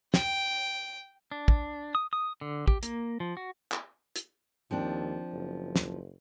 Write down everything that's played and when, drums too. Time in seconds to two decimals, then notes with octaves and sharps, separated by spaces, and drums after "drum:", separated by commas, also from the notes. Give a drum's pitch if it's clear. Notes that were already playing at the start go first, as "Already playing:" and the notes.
0.14 G5, drum: snare
1.32 D4
1.48 drum: kick
1.95 D#6
2.13 D#6
2.41 D3
2.68 G4, drum: kick
2.83 A#3, drum: hi-hat
3.20 F3
3.37 F#4
3.72 drum: clap
4.16 drum: hi-hat
4.71 D#2 F3 C4 D4
5.32 F#1
5.76 drum: snare